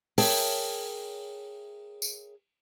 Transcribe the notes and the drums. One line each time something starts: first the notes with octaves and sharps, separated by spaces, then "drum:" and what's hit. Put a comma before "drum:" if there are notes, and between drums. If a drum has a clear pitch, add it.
G#4 A#4 C#5 E5 G5 A5, drum: open hi-hat
drum: tambourine